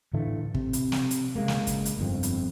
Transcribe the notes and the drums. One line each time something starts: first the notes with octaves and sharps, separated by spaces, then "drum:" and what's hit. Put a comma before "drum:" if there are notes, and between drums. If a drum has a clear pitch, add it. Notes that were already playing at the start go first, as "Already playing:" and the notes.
A2 D3 E3 A3
C3, drum: kick
drum: hi-hat
drum: snare
drum: hi-hat
C#3 G#3 A#3
drum: snare
drum: kick, hi-hat
drum: hi-hat
G1 F2 C4
drum: hi-hat